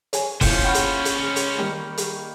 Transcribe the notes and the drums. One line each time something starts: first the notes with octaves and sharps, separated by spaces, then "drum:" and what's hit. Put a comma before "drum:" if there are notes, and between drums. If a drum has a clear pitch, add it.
C#5 G#5, drum: hi-hat
A#2 C#4 E4 F4 C5 G6 C#7, drum: kick F1, open hi-hat
F#5 G5 B5 C#6 F6
drum: hi-hat
drum: hi-hat
C#3
drum: hi-hat
D#3 G3 A#3
drum: hi-hat